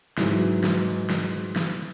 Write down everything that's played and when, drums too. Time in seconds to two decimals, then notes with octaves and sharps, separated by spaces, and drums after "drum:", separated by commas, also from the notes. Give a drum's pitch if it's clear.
0.18 G#2 E3 F#3, drum: snare
0.41 drum: cymbal
0.64 drum: snare
0.87 drum: cymbal
1.10 drum: snare
1.33 drum: cymbal
1.56 drum: snare